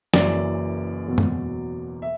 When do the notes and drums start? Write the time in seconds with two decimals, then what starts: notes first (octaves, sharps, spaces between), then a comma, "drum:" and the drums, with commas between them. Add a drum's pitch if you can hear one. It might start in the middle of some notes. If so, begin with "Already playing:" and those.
0.14 F#1 F#2 E3 D5, drum: snare
1.08 E2 B2 F#3
1.18 drum: tom F#2
2.02 E5